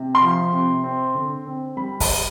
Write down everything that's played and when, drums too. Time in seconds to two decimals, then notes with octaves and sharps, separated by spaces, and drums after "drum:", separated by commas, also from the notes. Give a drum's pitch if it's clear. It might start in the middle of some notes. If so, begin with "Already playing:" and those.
Already playing: C3
0.15 C6
0.21 F3
0.52 C3
0.84 C4
1.15 D3
1.46 C4
1.77 G3 B5
2.00 drum: kick, open hi-hat